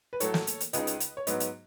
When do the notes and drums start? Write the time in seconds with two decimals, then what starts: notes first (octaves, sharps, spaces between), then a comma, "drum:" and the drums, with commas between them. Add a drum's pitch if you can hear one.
0.13 B4
0.20 A2 F#3 A3 A4 C#5, drum: hi-hat
0.34 drum: snare
0.47 drum: hi-hat
0.60 drum: hi-hat
0.73 C#2 C#3 G#3 D#4 B4 D#5, drum: hi-hat
0.87 drum: hi-hat
1.00 drum: hi-hat
1.17 C#5
1.27 G#2 F#3 B3 B4 D#5, drum: hi-hat
1.40 drum: hi-hat